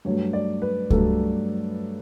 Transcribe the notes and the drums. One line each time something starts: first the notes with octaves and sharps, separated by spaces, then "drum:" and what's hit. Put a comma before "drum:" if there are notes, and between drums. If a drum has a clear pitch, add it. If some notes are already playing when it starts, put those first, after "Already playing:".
G2 F#3 A3 C#5
D5
B4
G2 F#3 A3 A4, drum: kick C#2